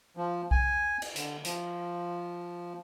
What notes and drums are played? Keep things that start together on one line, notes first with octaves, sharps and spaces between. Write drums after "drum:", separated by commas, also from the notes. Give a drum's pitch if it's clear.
F3
G#5, drum: kick B1
drum: cymbal
D3, drum: hi-hat
F3, drum: hi-hat